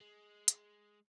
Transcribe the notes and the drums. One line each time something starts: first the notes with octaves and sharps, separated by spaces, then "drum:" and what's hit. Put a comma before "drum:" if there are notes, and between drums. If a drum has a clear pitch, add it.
G#3
drum: hi-hat